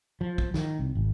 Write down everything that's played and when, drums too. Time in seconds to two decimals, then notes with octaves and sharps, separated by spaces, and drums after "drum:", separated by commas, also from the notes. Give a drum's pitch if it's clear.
0.21 F3
0.38 drum: kick
0.54 D#3, drum: snare
0.79 C2
0.95 G#1